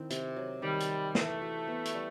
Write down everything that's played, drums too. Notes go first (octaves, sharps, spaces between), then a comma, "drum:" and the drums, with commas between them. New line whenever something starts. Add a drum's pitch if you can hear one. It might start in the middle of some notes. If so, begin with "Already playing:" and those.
Already playing: D#3 C4 E4
C3, drum: hi-hat
F#3
D#3 G3
drum: hi-hat
C4
E3 A3, drum: snare
F#4
B3
drum: hi-hat
G3